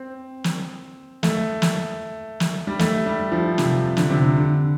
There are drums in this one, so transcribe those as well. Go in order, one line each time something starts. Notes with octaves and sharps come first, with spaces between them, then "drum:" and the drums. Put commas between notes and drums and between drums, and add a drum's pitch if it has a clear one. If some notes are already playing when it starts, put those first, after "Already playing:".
Already playing: C4
drum: snare
A3, drum: snare
drum: snare
drum: snare
G3
A3, drum: snare
G3
F3
C3, drum: snare
D3, drum: snare
C3
D3
D3